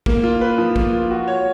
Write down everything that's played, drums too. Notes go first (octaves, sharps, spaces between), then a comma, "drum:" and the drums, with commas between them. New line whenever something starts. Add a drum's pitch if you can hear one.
A#3, drum: kick
F4
B4
F3
A#3, drum: kick
F4
F#4
C#5